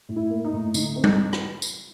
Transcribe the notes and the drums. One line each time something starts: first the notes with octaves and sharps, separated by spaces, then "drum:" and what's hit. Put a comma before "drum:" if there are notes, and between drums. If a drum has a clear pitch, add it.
A2
E4
A#3
D#4
A2
D3 D#4, drum: tambourine
C4
D#4, drum: tom G3
drum: rim click
drum: tambourine